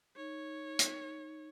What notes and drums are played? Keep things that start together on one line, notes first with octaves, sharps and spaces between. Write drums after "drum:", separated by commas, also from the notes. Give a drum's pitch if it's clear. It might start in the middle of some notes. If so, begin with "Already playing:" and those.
D#4 C#5
drum: hi-hat